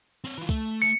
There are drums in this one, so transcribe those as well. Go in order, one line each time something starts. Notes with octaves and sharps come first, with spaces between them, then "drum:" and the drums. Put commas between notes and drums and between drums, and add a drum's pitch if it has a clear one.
C4 C#5
E3 F4
A3, drum: kick, hi-hat
C#7